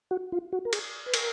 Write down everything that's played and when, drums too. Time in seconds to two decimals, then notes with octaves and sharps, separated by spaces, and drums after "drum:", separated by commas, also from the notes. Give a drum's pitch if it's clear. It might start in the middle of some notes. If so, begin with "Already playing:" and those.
0.11 F#4
0.32 F4
0.53 F#4
0.65 A#4
0.73 G#4, drum: cymbal
1.06 B4
1.14 A#4, drum: cymbal